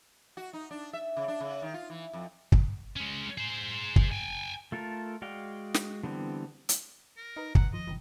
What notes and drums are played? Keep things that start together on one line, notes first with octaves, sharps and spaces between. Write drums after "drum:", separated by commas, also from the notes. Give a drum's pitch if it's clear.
F#4
D#4
D4
E5
C#3
D4
C#3
D#3
F4
E3
F2
drum: kick
G#3 C#4
G#4 C5
drum: kick
G5 G#5
A3 F4 A4 A#4
G#3 F#4 D5 F5 G5
drum: snare
D3 E3 G3 B3 C4
drum: hi-hat
A#4
D#4 B4 A#5 F6
A#1 F#5 A#5, drum: kick
D#3 F3 D#5
G1 C3 D#3 E3